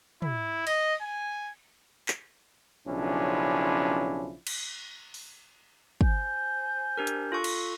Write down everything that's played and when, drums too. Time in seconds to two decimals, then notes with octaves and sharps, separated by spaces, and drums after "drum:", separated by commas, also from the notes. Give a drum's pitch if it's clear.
0.22 E4, drum: tom
0.67 D#5, drum: cymbal
1.02 G#5
2.08 drum: clap
2.87 B1 C#3 F3 C#4 D4 E4
4.47 drum: cymbal
5.14 drum: open hi-hat
6.01 C5 G#5 G6, drum: kick
6.97 D4 G4 A#4
7.07 drum: hi-hat
7.32 F4 A4 C#6
7.44 drum: cymbal